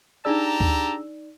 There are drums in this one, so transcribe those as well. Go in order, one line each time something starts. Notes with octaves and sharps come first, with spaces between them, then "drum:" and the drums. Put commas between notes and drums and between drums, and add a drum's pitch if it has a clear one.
D4 D#4 G4 G#4 D5 A5 A#5 E6
drum: kick